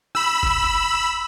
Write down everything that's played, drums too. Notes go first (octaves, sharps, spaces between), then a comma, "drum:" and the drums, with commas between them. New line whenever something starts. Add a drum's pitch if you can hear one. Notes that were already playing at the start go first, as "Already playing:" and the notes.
B5 E6, drum: rim click
drum: kick F#1